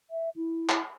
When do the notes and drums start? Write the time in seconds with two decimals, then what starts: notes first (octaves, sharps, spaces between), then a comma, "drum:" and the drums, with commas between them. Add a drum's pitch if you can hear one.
0.11 E5
0.36 E4
0.69 drum: clap